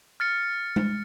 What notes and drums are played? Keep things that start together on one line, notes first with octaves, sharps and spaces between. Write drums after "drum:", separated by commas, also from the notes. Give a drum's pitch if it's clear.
F6 A6 C#7
drum: tom G#3